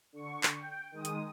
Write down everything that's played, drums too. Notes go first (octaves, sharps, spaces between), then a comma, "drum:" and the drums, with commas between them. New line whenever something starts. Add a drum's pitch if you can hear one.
D3 C#6
drum: clap
G5
D#3 G#3 D#6
drum: hi-hat